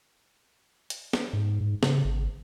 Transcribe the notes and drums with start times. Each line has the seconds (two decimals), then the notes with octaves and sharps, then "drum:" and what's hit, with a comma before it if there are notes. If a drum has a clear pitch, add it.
0.90 drum: hi-hat
1.13 drum: snare
1.33 G#2
1.61 G#2
1.83 C#3, drum: snare
2.04 G#1